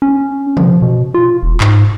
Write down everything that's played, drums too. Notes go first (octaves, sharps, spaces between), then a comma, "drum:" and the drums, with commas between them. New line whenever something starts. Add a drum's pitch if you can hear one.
C#4
F3, drum: tom
B2
F4
E1
G#2, drum: clap